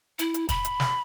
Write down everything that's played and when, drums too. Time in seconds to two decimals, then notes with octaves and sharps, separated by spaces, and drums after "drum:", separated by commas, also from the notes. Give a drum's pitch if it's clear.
0.19 E4, drum: hi-hat
0.34 drum: hi-hat
0.49 B5, drum: kick, hi-hat
0.65 drum: hi-hat
0.80 drum: snare